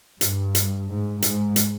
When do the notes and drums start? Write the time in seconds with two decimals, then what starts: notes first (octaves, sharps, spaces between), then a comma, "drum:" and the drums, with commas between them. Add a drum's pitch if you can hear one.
0.21 G2, drum: hi-hat
0.55 drum: hi-hat
0.88 G#2
1.22 G#2, drum: hi-hat
1.56 drum: hi-hat